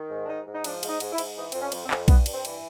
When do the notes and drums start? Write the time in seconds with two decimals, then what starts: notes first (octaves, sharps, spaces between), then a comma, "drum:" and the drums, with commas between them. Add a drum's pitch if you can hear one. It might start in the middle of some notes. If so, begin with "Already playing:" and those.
Already playing: D#3
0.10 G#2
0.24 D4
0.28 G#2 D#4
0.47 G#2
0.53 D#4
0.64 F3 D4, drum: cymbal
0.83 G#2, drum: cymbal
0.88 D#4
1.00 G#2, drum: cymbal
1.13 E4
1.18 G#2, drum: cymbal
1.36 E3 D#4
1.52 F2 C4, drum: cymbal
1.61 C#4
1.72 F2, drum: cymbal
1.85 C4
1.91 F2, drum: clap
2.08 G2 B3, drum: kick B1, cymbal
2.26 G2, drum: cymbal
2.32 C4
2.45 E3, drum: cymbal